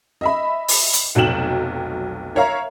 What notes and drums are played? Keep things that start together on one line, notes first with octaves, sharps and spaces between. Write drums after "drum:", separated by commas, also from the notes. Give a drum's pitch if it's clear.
D#5 E5 B5
drum: open hi-hat
drum: hi-hat
F1 B1 F#3 G5 E7 F#7
A#4 C#5 E5 F5 A#5